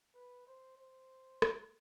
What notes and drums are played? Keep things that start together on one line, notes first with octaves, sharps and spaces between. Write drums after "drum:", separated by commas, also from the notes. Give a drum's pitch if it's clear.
B4
C5
C5
drum: rim click